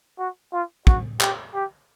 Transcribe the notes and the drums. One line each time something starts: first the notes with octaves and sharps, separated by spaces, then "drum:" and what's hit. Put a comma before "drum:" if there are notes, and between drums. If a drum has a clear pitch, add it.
F#4
F4
F#4, drum: kick
G4, drum: clap
G4